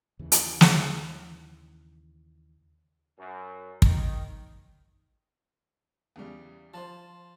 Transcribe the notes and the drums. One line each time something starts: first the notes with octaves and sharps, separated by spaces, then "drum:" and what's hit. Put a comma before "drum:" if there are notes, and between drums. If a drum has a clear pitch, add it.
D#2 C#3 E3
drum: hi-hat
drum: snare
F#2
D#3, drum: kick
E2 C#3 G3
F3 C5 A5